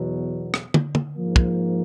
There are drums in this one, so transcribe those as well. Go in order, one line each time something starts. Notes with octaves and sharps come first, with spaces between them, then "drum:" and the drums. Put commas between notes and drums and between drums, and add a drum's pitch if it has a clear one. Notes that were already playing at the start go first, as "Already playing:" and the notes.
Already playing: E2 B2 F#3
drum: rim click
drum: tom
drum: tom
G#2 F3 A#3
drum: kick